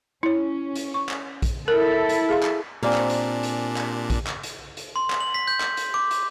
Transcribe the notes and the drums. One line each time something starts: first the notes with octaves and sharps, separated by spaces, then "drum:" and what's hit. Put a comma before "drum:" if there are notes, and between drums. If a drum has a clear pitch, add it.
C#4 E4 C#5
drum: hi-hat
C#6
drum: clap
drum: kick A#1, hi-hat
E4 A4 A#4
drum: hi-hat
G#4 F5 C6
drum: clap
A#2 A#3 C4 D4 G4 D5 G#5
drum: clap
drum: hi-hat
drum: hi-hat
drum: clap
drum: kick A#1, hi-hat
drum: clap
drum: hi-hat
drum: hi-hat
C6
drum: clap
F#7
B6
G6
drum: clap
drum: hi-hat
D6
drum: hi-hat